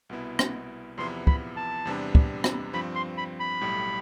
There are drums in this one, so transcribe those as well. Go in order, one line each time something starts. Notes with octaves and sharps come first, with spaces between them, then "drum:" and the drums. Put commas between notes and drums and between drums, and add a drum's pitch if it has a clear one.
C2 B2 B3 E4
drum: rim click
E2 C3 F3 B3 E4 C6
B5, drum: kick
A5
E2 C3 G3 B3 D4
drum: kick
drum: rim click
G2 F3 C4 B5
C6
B5
B5
B1 A2 G3